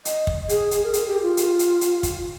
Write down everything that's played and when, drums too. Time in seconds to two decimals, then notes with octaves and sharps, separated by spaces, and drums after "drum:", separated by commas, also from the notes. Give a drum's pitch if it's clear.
0.05 D#5, drum: hi-hat
0.27 drum: kick
0.49 G#4, drum: hi-hat
0.71 drum: hi-hat
0.84 A#4
0.93 G#4, drum: hi-hat
1.08 G4
1.22 F4
1.37 drum: hi-hat
1.59 drum: hi-hat
1.81 drum: hi-hat
2.03 drum: kick, hi-hat